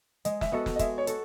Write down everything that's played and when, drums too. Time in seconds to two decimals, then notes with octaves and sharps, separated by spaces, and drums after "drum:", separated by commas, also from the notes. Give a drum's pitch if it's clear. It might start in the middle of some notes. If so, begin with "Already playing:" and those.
0.25 G#3 D#5, drum: hi-hat
0.41 E5, drum: snare
0.52 B3 F#4 A4 D#5
0.66 drum: snare
0.76 D#5
0.79 G#3 E5, drum: kick, hi-hat
0.98 C#5
1.07 F#4 A4, drum: hi-hat